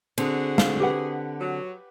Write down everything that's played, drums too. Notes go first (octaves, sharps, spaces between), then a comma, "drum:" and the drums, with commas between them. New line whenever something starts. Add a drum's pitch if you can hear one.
D3 C4 F#4 G#4, drum: cymbal
F5, drum: snare
G4 B4 F#5
F#3